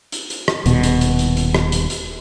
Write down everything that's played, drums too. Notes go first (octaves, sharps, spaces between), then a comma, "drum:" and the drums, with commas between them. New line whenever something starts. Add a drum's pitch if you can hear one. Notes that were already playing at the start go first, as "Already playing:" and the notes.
drum: hi-hat
drum: hi-hat
drum: rim click
D#1 B2, drum: hi-hat
drum: hi-hat
drum: hi-hat
drum: hi-hat
drum: hi-hat
drum: rim click
drum: hi-hat
drum: hi-hat